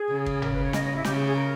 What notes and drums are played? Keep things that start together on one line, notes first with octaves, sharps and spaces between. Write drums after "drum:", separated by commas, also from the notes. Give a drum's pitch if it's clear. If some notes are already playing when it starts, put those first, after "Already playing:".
Already playing: G#4
C#3
drum: kick
A#4, drum: tom G1
B4
C#5
D#5, drum: snare
D#5
E4
C#3 G4, drum: snare
G#4
G#4
A#4